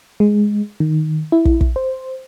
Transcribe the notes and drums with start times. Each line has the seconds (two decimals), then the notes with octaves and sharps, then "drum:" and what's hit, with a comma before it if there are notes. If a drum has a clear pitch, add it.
0.20 G#3
0.80 D#3
1.32 E4
1.45 drum: kick
1.61 drum: kick
1.76 C5